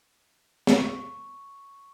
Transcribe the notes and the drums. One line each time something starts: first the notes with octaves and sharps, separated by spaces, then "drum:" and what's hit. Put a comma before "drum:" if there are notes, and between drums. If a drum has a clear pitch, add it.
drum: snare
C#6